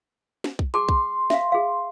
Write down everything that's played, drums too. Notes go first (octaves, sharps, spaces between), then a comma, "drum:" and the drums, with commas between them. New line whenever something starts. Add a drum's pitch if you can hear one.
drum: snare
drum: kick B1
G#4 A5 C6 D6
drum: kick B1
E5 F5, drum: snare
G#4 F5